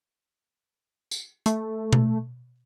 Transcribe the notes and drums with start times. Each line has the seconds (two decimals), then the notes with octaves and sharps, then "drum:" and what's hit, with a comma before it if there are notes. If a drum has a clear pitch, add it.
1.11 drum: tambourine
1.46 A3, drum: hi-hat
1.93 drum: tom B2